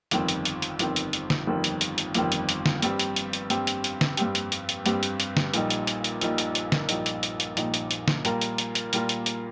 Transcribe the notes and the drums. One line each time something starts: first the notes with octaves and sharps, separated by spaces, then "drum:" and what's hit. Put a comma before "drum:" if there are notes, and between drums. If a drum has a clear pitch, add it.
G1 F2 D#3 G3 C4, drum: hi-hat
drum: hi-hat
drum: hi-hat
drum: hi-hat
G1 F2 D#3 G3 C4, drum: hi-hat
drum: hi-hat
drum: hi-hat
drum: snare
G1 F2 D#3 G3 C4
drum: hi-hat
drum: hi-hat
drum: hi-hat
G1 F2 D#3 G3 C4, drum: hi-hat
drum: hi-hat
drum: hi-hat
drum: snare
G2 G3 C4 G4, drum: hi-hat
drum: hi-hat
drum: hi-hat
drum: hi-hat
G2 G3 C4 G4, drum: hi-hat
drum: hi-hat
drum: hi-hat
drum: snare
G2 G3 C4 G4, drum: hi-hat
drum: hi-hat
drum: hi-hat
drum: hi-hat
G2 G3 C4 G4, drum: hi-hat
drum: hi-hat
drum: hi-hat
drum: snare
A#1 A#2 G3 D#4, drum: hi-hat
drum: hi-hat
drum: hi-hat
drum: hi-hat
A#1 A#2 G3 D#4, drum: hi-hat
drum: hi-hat
drum: hi-hat
drum: snare
A#1 A#2 G3 D#4, drum: hi-hat
drum: hi-hat
drum: hi-hat
drum: hi-hat
A#1 A#2 G3 D#4, drum: hi-hat
drum: hi-hat
drum: hi-hat
drum: snare
A#2 G3 A#3 F4 A#4, drum: hi-hat
drum: hi-hat
drum: hi-hat
drum: hi-hat
A#2 G3 A#3 F4 A#4, drum: hi-hat
drum: hi-hat
drum: hi-hat